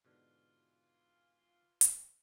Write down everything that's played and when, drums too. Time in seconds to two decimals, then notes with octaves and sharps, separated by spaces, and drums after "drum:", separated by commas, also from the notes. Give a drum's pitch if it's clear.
0.05 G#2 B2 D3 E3 F4
1.81 drum: hi-hat